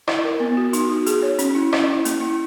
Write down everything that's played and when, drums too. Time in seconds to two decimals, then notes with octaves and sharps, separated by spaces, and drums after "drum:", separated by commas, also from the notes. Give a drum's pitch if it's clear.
0.08 E4, drum: rim click
0.24 A#4
0.40 B3
0.57 F#4
0.73 D#4, drum: hi-hat
0.89 F#4
1.06 G#4, drum: hi-hat
1.22 C#5
1.39 C#4, drum: hi-hat
1.55 E4
1.73 C#4, drum: rim click
1.88 E4
2.05 A#3, drum: hi-hat
2.21 E4